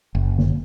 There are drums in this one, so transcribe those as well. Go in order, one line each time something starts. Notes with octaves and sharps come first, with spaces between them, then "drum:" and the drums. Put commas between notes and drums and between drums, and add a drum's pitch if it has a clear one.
F#1
drum: tom D3